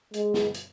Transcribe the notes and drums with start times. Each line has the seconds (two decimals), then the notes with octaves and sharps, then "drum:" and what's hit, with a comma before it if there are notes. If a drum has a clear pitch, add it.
0.14 G#3, drum: hi-hat
0.34 drum: snare
0.54 drum: hi-hat